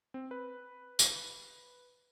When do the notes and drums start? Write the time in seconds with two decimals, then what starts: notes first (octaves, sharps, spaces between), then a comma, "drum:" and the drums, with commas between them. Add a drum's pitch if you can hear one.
0.14 C4
0.31 B4
0.99 drum: tambourine